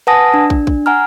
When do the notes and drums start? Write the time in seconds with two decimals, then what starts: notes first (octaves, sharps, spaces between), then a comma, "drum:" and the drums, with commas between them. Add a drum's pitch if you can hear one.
0.07 B4 F#5 G#5 A5 D#6 A#6
0.34 D4
0.50 drum: kick
0.67 drum: kick
0.86 F#5 G#5 A#5 F6